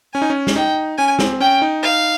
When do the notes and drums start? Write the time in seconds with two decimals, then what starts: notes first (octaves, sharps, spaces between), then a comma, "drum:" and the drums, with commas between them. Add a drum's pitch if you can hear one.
0.13 C#4 G#5
0.22 D#4
0.30 C#4
0.47 drum: snare
0.56 D#4 G5
0.98 C#4 G#5
1.19 C4, drum: snare
1.40 C#4 G5
1.62 D#4
1.83 F5